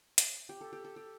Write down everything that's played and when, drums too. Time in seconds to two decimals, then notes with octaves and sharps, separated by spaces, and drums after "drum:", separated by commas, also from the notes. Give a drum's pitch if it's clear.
0.18 drum: hi-hat
0.49 G4
0.61 A4
0.73 G4
0.84 A4
0.96 G4